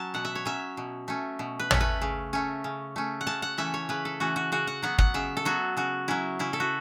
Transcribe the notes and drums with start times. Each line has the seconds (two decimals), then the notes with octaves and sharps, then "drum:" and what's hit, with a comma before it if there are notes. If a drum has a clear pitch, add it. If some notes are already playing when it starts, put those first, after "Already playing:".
Already playing: F#3 C#4 A5
0.14 B2 F#5
0.25 E5
0.35 C#5
0.45 F#3 C#4 E5
0.77 B2
1.08 A3 C#4
1.39 B2
1.59 B4
1.71 A3 C#4, drum: tom
1.81 B4
2.01 C#3
2.33 A3 C#4
2.64 C#3
2.96 A3 C#4
3.21 F#5
3.27 C#3 A5
3.42 F#5
3.58 E3 A3 C#4 E5
3.74 C#5
3.89 C#3 B4
4.05 A4
4.20 E3 A3 C#4 F#4
4.36 F#4
4.52 C#3 F#4
4.67 F#5
4.82 F#3 B3 F#5
4.98 F#5, drum: kick
5.14 C#3 E5
5.37 A4
5.45 F#3 B3 F#4
5.77 C#3 F#4
6.08 F#3 C#4 E4
6.39 C#3 E4
6.53 A4
6.60 F#4